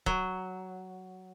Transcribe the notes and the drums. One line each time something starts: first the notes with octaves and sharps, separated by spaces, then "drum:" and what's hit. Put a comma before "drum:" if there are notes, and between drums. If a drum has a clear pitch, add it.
F#3, drum: kick C#1